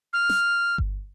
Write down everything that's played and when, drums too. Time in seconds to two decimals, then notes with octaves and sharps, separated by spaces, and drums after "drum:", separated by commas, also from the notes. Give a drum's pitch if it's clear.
0.13 F6
0.29 drum: snare
0.78 drum: kick G1